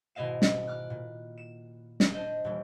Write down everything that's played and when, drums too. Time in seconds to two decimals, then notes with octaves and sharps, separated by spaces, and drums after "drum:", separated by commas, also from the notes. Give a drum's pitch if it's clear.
0.15 G#1 B2 E4 D#5 F5 E7
0.42 drum: snare
0.67 D6 F6 F#6
0.90 A#2
1.37 E7
2.00 drum: snare
2.13 D4 C5 D#5
2.44 D#1 E3